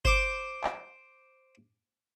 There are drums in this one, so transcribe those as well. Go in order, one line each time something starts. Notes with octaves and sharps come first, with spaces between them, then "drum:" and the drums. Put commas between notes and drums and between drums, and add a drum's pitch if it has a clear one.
C5 D6, drum: kick G1
drum: clap